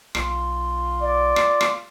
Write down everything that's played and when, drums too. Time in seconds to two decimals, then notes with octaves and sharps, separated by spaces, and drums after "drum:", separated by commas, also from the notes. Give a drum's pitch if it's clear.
0.15 B1 F4, drum: rim click
1.01 D5
1.36 drum: rim click
1.61 drum: rim click